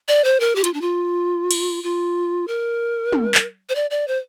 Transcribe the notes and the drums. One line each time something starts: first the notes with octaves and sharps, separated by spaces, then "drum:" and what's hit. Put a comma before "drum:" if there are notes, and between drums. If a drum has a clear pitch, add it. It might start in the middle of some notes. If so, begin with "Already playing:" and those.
D5
C5
A#4
G4
F4, drum: hi-hat
D4
F4
drum: cymbal
F4
A#4
drum: tom
drum: clap
C5
D5
D5
C5